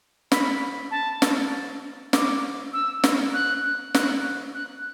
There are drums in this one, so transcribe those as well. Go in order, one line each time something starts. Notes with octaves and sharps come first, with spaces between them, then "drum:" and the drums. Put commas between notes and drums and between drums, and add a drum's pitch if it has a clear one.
B5, drum: snare
A5
drum: snare
D6, drum: snare
E6
drum: snare
F#6
F#6, drum: snare
F#6